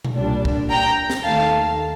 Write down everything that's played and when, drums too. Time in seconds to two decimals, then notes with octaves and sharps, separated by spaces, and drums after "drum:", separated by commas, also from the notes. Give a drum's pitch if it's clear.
0.05 drum: tom B2
0.15 C2 A#2 G3 D4
0.45 drum: kick
0.70 G5 A#5
1.10 drum: snare
1.24 D#2 D#3 A3 F5 A5